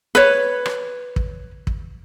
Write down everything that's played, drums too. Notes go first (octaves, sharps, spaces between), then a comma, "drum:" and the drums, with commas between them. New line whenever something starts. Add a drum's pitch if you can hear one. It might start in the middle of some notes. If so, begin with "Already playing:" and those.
B4 C#5
drum: rim click
drum: kick
drum: kick